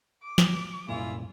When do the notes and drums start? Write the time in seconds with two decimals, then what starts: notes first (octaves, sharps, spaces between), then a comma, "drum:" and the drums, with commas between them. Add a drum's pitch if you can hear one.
0.23 D6
0.38 drum: snare
0.88 C2 F#2 A#2 E4 F4 G#4